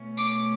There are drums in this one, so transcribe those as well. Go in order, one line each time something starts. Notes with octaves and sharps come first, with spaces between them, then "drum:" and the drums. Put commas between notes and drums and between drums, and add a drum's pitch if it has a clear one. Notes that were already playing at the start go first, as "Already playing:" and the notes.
Already playing: B2 A3 C#4
D6, drum: tambourine